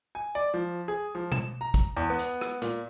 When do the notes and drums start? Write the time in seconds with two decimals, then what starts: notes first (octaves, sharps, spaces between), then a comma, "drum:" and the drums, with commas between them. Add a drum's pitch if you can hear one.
0.15 G#5
0.35 D5
0.54 F3
0.88 G#4
1.15 F3
1.32 E7, drum: tom B2
1.61 A#5
1.74 drum: kick, hi-hat
1.97 E2
2.10 B3
2.19 drum: hi-hat
2.41 drum: rim click
2.62 A#2, drum: hi-hat